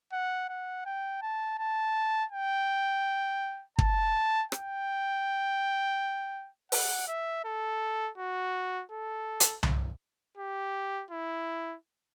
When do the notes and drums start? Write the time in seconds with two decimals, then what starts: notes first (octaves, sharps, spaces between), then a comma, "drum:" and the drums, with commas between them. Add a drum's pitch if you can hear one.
0.13 F#5
0.49 F#5
0.86 G5
1.22 A5
1.59 A5
2.32 G5
3.79 A5, drum: kick
4.52 G5, drum: rim click
6.72 F#5, drum: open hi-hat
7.08 E5
7.45 A4
8.18 F#4
8.91 A4
9.40 drum: hi-hat
9.63 drum: tom C2
10.38 G4
11.11 E4